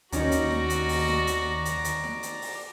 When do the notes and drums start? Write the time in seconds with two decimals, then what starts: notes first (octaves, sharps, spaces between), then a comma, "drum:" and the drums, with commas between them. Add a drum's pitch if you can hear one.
0.12 D#2 C#4 D#4 F#4 C#5 D5 A#5, drum: hi-hat
0.31 drum: hi-hat
0.51 drum: snare D#4
0.70 drum: hi-hat
0.89 drum: open hi-hat
1.08 drum: snare D#4
1.27 drum: hi-hat
1.65 drum: hi-hat
1.84 drum: hi-hat
2.04 drum: snare D#4
2.23 drum: hi-hat
2.42 drum: open hi-hat